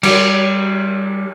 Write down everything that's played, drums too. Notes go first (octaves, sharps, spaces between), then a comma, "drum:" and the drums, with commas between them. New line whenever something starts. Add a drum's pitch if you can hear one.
G3, drum: cymbal